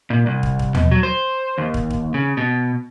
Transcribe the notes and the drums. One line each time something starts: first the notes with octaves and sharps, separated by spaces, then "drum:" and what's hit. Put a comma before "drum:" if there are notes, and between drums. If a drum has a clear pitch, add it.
A#2
C2
drum: kick
drum: kick
B2, drum: tom D#2
F#3
C5
D#2
drum: kick
drum: kick
C#3
B2